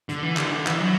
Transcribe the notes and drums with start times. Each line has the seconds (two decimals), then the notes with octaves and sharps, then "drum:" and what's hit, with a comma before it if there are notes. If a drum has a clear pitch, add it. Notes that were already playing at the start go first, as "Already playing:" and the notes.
0.09 D3, drum: hi-hat
0.23 E3
0.37 D3, drum: clap
0.46 E3
0.51 D3
0.67 E3, drum: clap
0.80 F#3